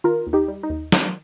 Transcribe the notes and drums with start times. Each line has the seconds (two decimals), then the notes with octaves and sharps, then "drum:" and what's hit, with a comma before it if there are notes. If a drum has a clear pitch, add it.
0.04 D#3 F4 A#4
0.27 D#2
0.33 D#4 G4
0.48 G3
0.63 D#4
0.70 D#2
0.92 D#3, drum: snare